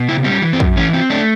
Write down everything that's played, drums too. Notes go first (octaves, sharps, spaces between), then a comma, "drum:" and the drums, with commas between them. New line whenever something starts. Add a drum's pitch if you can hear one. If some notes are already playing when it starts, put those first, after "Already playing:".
Already playing: B2
C#3 E4
G3 C4
C#4
E3
C4
F#2, drum: kick
E3 C#4
C4
A3 D4